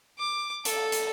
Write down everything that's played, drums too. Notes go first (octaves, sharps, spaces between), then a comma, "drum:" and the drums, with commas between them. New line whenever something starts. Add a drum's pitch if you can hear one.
D6
A4, drum: hi-hat
drum: hi-hat